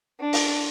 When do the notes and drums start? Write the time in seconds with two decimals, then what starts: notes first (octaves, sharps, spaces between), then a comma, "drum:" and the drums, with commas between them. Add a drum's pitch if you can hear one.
0.20 D4
0.33 drum: open hi-hat